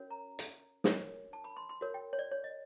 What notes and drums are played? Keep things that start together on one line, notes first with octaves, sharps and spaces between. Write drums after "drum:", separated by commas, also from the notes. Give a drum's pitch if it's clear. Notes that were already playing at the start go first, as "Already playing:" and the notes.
Already playing: C#4 F#4 A#4 C#5
A#5
drum: hi-hat
D4 F#4 A#4 C#5, drum: snare
A5
B5
C6
C6
F#4 A#4 C#5
G5
C#5
D5
C#5
D#5